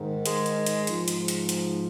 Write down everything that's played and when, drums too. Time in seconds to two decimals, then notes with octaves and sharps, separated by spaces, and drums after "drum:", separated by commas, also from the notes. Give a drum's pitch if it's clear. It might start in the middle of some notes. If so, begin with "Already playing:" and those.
Already playing: G#2 D#3
0.26 G#3, drum: hi-hat
0.46 drum: hi-hat
0.66 drum: hi-hat
0.87 G#2 F3, drum: hi-hat
1.08 drum: hi-hat
1.28 drum: hi-hat
1.49 drum: hi-hat